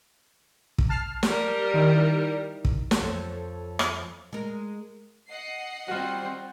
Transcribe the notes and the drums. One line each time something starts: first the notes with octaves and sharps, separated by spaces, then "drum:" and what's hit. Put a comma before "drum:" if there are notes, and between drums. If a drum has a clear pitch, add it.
drum: kick
A5 F6 C7
G3 A#4, drum: snare
D#3 D#4 E4
drum: kick
drum: snare
F2 F3 C4 A4 C#5 E7
drum: rim click
G#3 A#4
D#5 F#5 C7
G3 C4 F4 F#4